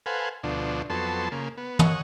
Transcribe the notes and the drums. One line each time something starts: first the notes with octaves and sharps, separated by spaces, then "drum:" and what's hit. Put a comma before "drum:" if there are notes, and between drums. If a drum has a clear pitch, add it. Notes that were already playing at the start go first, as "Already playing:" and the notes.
A4 B4 C5 F5 F#5 G#5
D2 B2 F3 D4
F2 F#3 B3 A4 A5 C6
C#3 A#3
B3
C#5 D#5 F#5, drum: tom